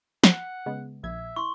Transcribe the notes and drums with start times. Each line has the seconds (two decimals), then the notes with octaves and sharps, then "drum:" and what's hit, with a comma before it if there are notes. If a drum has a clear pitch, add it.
0.24 F#5, drum: snare
0.66 C#3 G#3 B3
1.04 A#1 E5 G#6
1.36 E4 C6 C#6